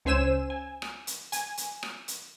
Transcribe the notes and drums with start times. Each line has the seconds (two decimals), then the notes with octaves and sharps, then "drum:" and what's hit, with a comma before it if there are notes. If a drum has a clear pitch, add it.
0.05 C#2 C#4 C5 G#5 E6 E7
0.50 G#5
0.82 drum: rim click
1.07 drum: hi-hat
1.32 G#5, drum: hi-hat
1.57 drum: hi-hat
1.83 drum: rim click
2.08 drum: hi-hat